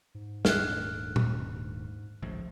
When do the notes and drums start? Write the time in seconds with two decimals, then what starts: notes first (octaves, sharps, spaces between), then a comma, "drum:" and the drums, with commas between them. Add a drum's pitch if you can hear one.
0.15 G#2
0.45 D#1 A3 D4 F6 F#6, drum: snare
1.16 drum: tom A#2
2.22 G#1 C#2 A2 F3